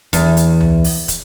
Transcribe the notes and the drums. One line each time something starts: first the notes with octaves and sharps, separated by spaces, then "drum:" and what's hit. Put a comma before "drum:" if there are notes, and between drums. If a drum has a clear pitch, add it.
E2, drum: kick, hi-hat
drum: hi-hat
drum: tom C#2
drum: open hi-hat
drum: kick, hi-hat